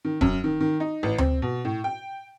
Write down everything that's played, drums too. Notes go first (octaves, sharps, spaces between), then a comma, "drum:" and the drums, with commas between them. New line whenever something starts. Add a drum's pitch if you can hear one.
D#3
F#2, drum: kick
D#3
D#3
D#4
A1
C4, drum: tom D2
B2
A2
G5